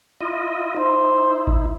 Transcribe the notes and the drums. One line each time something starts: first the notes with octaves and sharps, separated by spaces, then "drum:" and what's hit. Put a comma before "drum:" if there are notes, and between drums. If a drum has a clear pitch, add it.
E4 F4 D#5
D#4 E4 C5
drum: kick A1